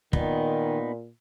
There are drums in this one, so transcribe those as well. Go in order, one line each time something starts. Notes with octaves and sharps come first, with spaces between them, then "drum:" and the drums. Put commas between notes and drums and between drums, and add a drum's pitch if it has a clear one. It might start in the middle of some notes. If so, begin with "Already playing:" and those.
A#2 D#3 B3 D#4, drum: kick